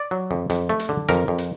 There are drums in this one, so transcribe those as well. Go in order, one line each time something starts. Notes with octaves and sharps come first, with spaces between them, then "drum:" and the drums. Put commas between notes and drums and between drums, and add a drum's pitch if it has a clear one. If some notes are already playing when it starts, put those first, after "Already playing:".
Already playing: D5
F#3
F2
F2, drum: hi-hat
A3
drum: hi-hat
D3
F2 A#4, drum: hi-hat
F2
drum: hi-hat